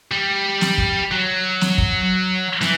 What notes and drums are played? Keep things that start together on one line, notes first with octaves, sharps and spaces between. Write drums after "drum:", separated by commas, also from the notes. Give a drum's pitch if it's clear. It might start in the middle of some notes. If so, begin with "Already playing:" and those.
G3
drum: snare
drum: kick
F#3
drum: snare
drum: kick
E3, drum: snare